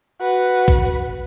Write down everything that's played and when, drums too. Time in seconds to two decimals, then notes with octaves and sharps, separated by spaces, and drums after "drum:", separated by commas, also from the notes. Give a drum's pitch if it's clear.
0.20 F#4 B4
0.68 drum: kick